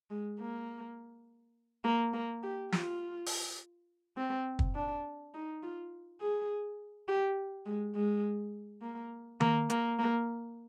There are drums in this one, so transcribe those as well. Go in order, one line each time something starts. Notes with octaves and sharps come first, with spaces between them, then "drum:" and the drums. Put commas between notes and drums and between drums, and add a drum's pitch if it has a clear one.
G#3
A#3
A#3
A#3
G4
F4, drum: snare
drum: open hi-hat
C4
drum: kick
D4
D#4
F4
G#4
G4
G#3
G#3
A#3
A#3, drum: tom D#3
A#3, drum: hi-hat
A#3